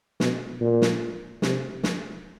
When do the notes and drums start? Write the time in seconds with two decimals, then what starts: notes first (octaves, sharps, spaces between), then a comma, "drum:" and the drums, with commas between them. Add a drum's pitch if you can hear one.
0.20 B2, drum: snare
0.61 A#2
0.82 drum: snare
1.42 C3, drum: snare
1.83 drum: snare